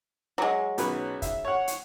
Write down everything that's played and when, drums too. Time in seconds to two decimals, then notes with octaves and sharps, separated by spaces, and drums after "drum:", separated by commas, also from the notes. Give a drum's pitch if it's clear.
0.38 F#3 G#3
0.78 B1 C#4 B4, drum: hi-hat
1.22 E5, drum: kick, hi-hat
1.45 C#5 F#5
1.68 drum: hi-hat